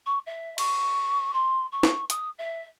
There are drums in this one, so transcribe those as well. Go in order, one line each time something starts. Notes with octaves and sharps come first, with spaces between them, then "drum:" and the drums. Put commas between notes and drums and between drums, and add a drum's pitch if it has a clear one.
C#6
E5
C#6, drum: cymbal
C6
C#6
drum: snare
D#6, drum: hi-hat
E5